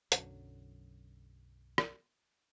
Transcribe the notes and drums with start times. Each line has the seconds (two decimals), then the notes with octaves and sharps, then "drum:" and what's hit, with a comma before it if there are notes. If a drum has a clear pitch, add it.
0.12 B1 F#2 D3 F#3, drum: hi-hat
1.78 drum: rim click